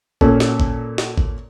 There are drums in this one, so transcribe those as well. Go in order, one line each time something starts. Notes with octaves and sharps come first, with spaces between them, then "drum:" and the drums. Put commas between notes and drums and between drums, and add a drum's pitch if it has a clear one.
A#2 A#3 C#4 A4, drum: kick G#1
drum: snare
drum: kick G#1
drum: snare
drum: kick G#1